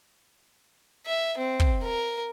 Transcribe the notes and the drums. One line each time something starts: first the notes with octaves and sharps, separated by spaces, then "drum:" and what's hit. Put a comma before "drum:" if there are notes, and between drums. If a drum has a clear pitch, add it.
E5
C4
drum: kick
A#4